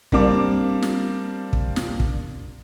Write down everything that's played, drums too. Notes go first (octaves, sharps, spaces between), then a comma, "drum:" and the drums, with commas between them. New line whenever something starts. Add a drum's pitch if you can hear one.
G3 A#3 C4 D4 F5 D6, drum: kick
drum: snare
drum: kick
drum: snare
drum: kick